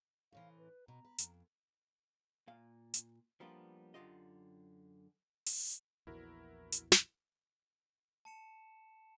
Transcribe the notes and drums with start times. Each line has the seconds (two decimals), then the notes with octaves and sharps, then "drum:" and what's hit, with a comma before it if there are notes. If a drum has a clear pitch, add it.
0.33 A2 C3 E3 F5
0.58 B4
0.88 B2 A#5
1.05 B4
1.18 F2, drum: hi-hat
2.48 A#2 F5
2.94 drum: hi-hat
3.40 F3 G3 A#3 B3 D4 F4
3.94 F#2 D3 F4 G4 D#5
5.46 drum: open hi-hat
6.07 A#1 E2 E3 E4 F#4 A#4
6.72 drum: hi-hat
6.92 drum: snare
8.25 A5 C#7 E7